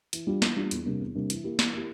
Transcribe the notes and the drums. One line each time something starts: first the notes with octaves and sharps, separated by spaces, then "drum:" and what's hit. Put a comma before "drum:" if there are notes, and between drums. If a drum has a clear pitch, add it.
E3, drum: hi-hat
G3 D4 F4
E3, drum: snare
G3 D4 F4
E2, drum: hi-hat
C3 G3 A#3 D4
E2
C3 G3 A#3 D4
E3, drum: hi-hat
A#3 E4 G4
E3, drum: snare
A#3 E4 G4